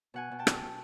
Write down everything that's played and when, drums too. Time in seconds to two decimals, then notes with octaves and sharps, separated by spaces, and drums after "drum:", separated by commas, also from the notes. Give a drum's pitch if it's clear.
0.14 B2 F#5 G#5
0.31 B2
0.39 G5 A5
0.47 B2, drum: rim click
0.62 B2